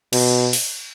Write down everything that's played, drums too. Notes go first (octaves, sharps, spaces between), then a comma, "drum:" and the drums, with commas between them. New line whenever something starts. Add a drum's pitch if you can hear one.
B2, drum: cymbal
drum: open hi-hat